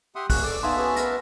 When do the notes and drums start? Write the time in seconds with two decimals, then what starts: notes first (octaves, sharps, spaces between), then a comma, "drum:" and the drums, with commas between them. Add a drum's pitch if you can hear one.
0.15 G4 E5 F#5 C6 D#6
0.30 A#3 C#4 F#4 G#4 F#6, drum: kick, open hi-hat
0.43 A4 D5 D6
0.63 B3 D#4 E5 F5 G#5 A5 C6 D#6
0.77 C#4 F#4 G#4 B4
0.96 A#4 A#6, drum: hi-hat